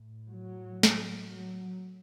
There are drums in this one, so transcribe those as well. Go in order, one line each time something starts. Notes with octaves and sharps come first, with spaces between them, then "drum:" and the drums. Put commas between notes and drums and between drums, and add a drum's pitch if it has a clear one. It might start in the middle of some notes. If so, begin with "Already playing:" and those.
Already playing: A2
F#3
drum: snare
F#3